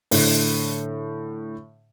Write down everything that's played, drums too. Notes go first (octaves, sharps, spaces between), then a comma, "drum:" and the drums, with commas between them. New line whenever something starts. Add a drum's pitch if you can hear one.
A2 D3, drum: open hi-hat